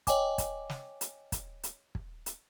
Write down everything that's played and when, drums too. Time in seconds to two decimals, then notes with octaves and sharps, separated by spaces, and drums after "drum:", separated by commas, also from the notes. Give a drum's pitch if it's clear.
0.07 C#5 D#5 G5 G#5 D6, drum: kick, hi-hat
0.38 drum: kick, hi-hat
0.70 drum: snare
1.01 drum: hi-hat
1.32 drum: kick, hi-hat
1.63 drum: hi-hat
1.95 drum: kick
2.26 drum: hi-hat